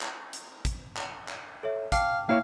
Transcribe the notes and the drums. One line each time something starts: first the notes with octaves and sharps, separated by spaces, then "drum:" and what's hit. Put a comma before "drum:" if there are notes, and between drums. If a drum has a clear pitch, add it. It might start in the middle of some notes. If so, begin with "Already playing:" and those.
drum: clap
drum: hi-hat
drum: kick, hi-hat
drum: clap
drum: clap
A4 C#5 E5
F5 G5 A5 D6, drum: kick, hi-hat
A#3 E4 C#5 F5